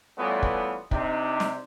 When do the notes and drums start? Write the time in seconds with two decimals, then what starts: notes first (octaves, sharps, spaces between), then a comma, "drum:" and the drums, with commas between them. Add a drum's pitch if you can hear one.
0.17 E3 G3 A3 B3 C#4 F4
0.42 drum: kick
0.91 C3 D4 D#4, drum: kick
1.40 drum: snare